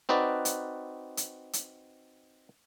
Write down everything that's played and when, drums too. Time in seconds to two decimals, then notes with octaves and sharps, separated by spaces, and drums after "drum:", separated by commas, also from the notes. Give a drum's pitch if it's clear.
0.09 C4 D#4 F#4 B4 D5
0.45 drum: hi-hat
1.17 drum: hi-hat
1.53 drum: hi-hat